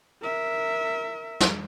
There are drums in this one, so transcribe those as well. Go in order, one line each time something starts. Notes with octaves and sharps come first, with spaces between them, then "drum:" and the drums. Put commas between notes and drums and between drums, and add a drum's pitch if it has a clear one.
A#4 E5
drum: snare